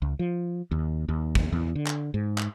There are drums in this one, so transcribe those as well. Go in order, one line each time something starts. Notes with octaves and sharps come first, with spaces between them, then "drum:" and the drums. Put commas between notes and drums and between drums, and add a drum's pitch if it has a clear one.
C#2
F3
D#2
D#2
drum: kick
E2
D3
drum: clap
G#2
drum: clap